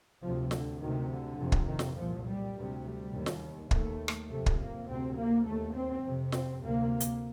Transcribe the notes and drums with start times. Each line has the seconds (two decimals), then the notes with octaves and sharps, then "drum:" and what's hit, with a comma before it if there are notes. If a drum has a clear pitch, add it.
0.23 D2 C3 F3
0.51 D3, drum: snare
0.80 D2 C3 D#3
1.10 D3
1.38 F2 C3
1.52 drum: kick
1.67 D#3
1.79 drum: snare
1.96 C2 A#2 F3
2.25 G3
2.54 D2 C3
2.84 G3
3.14 D#2
3.26 drum: snare
3.71 D#2 A3, drum: kick
4.08 drum: rim click
4.29 F2 C3 A3
4.46 drum: kick
4.59 A#3
4.88 D2 C3 C4
5.16 A#3
5.46 D#2 A3
5.74 C4
6.03 F2 C3
6.32 C4, drum: snare
6.62 D2 C3 A#3
7.00 drum: hi-hat